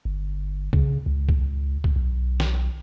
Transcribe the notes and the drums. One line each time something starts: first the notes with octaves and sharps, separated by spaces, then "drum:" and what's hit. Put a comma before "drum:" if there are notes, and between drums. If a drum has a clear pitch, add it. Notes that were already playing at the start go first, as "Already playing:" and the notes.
G1
C#3, drum: kick C2
C#2
drum: kick C2
drum: kick C2
B1
drum: snare